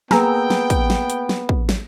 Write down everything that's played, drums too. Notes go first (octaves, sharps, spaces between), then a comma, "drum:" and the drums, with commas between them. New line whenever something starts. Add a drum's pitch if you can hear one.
A#3 B3 G#4 B4 G5 G#5 A#5 E6, drum: snare
drum: snare
drum: kick, hi-hat
drum: snare
drum: hi-hat
drum: snare
drum: kick
drum: snare